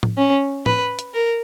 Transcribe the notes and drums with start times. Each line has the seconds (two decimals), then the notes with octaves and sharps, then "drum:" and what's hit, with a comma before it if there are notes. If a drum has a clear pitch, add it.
0.03 drum: tom A2
0.18 C#4
0.66 B4, drum: tom A2
0.99 drum: hi-hat
1.14 A#4